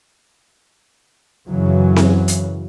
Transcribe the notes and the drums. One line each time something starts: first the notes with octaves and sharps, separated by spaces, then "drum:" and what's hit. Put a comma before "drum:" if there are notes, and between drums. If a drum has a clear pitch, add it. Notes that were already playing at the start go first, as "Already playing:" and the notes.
F#2 C#3 E3 F#3
drum: snare C4
drum: hi-hat